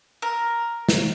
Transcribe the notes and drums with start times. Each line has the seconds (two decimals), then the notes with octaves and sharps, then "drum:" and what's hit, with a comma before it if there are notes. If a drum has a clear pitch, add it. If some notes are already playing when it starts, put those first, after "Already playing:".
0.22 A#4
0.89 drum: snare